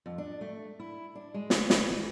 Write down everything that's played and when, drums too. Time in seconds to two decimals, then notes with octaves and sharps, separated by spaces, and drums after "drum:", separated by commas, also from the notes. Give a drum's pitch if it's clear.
0.06 F2
0.18 D4
0.41 A3
0.80 E4
1.15 D4
1.34 G#3
1.50 drum: snare
1.70 B4, drum: snare
1.90 E3